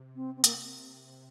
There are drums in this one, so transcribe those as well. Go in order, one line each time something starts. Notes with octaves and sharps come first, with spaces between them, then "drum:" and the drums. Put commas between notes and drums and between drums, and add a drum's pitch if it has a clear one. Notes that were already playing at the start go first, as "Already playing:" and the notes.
Already playing: C3
C4
C4
A#3, drum: hi-hat